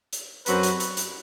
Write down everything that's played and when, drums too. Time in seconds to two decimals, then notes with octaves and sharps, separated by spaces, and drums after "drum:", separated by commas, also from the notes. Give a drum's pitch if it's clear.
0.13 drum: hi-hat
0.46 F#2 F#3 C4 F#4 B4, drum: hi-hat
0.63 drum: hi-hat
0.80 drum: hi-hat
0.97 drum: hi-hat